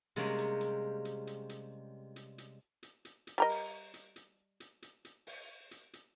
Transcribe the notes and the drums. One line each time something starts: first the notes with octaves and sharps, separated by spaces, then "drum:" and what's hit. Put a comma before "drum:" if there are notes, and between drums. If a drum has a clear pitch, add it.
C3 G3 G#3 A#3 C#4
drum: hi-hat
drum: hi-hat
drum: hi-hat
drum: hi-hat
drum: hi-hat
drum: hi-hat
drum: hi-hat
drum: hi-hat
drum: hi-hat
drum: hi-hat
G3 A#4 D#5
drum: open hi-hat
drum: hi-hat
drum: hi-hat
drum: hi-hat
drum: hi-hat
drum: hi-hat
drum: open hi-hat
drum: hi-hat
drum: hi-hat